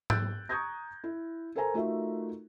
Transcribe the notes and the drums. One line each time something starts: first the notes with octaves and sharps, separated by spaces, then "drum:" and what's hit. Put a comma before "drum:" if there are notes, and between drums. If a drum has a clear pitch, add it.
E6 F#6 G6 A6 D7, drum: tom G#2
A#5 C#6 D#6 G6 G#6 A#6
E4
A4 A#4 C5 G#5 A#5
A3 D#4 F4 F#4 A#4 E5